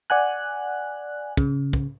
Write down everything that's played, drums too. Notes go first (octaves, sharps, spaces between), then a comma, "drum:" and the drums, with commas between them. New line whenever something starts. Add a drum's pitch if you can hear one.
D5 F#5 G#5 F#6
C#3, drum: kick
drum: kick